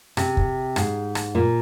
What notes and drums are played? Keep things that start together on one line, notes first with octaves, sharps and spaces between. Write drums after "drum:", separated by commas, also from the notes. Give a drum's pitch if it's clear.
C3, drum: rim click
drum: kick
G#2, drum: rim click
drum: rim click
A#2